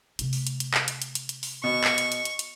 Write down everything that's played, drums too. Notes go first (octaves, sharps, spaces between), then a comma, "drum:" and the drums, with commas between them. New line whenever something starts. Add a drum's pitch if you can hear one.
C3 A3, drum: hi-hat
drum: open hi-hat
drum: hi-hat
drum: hi-hat
drum: clap
drum: hi-hat
drum: hi-hat
drum: hi-hat
drum: hi-hat
drum: open hi-hat
B2 C#6
drum: clap
drum: hi-hat
drum: hi-hat
drum: hi-hat
drum: hi-hat